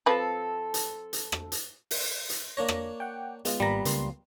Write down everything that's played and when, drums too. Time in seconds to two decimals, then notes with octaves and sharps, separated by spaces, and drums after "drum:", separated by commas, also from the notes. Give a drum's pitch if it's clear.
0.06 F3 C4 A4 B4 A5
0.74 drum: hi-hat
1.13 drum: hi-hat
1.32 drum: rim click
1.52 drum: hi-hat
1.91 drum: open hi-hat
2.30 drum: hi-hat
2.57 A#3 D4 C#5 A#6
2.68 drum: rim click
3.00 F#5 G5
3.45 G#3 B3 F4, drum: hi-hat
3.60 G#1 G3 A#3 A#5 B5
3.85 C#2 A#3 C6, drum: hi-hat